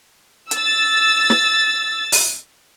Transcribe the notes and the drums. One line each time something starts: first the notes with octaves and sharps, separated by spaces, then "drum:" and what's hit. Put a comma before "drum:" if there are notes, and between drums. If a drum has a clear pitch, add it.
E6 A6, drum: hi-hat
drum: snare
drum: open hi-hat